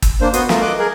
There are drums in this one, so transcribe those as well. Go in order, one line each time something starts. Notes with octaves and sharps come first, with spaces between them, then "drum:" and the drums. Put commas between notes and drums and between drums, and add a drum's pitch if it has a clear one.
drum: kick, hi-hat
A#3 D4 C5
B3 F#4 C6 D#6, drum: hi-hat
A3 F4 A#4, drum: snare
D#5 D6 F#6
G#4 A#4